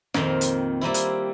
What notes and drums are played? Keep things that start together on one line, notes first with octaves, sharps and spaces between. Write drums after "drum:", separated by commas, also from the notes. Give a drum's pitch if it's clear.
F2 A#2 D#3 C4 F5, drum: snare
drum: hi-hat
G3 A#3 C4 E4
drum: hi-hat